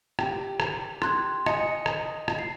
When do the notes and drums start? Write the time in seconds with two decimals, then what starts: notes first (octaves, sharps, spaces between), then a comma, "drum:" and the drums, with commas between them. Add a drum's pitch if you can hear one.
0.19 G4, drum: rim click
0.60 drum: rim click
1.02 C6 F#6 G#6, drum: rim click
1.46 D#5 G#5 C#7, drum: rim click
1.86 drum: rim click
2.28 drum: rim click
2.39 C7